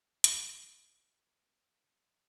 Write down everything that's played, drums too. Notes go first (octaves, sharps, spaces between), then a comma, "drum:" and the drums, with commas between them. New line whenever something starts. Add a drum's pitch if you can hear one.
C4 A#6, drum: hi-hat